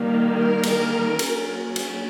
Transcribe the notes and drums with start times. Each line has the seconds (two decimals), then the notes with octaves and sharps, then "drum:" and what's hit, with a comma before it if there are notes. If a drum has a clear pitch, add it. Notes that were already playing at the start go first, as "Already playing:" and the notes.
Already playing: D#3 G3 A#3
0.35 A#4
0.63 drum: cymbal
1.19 F#3 A#3 C#4, drum: cymbal
1.76 drum: cymbal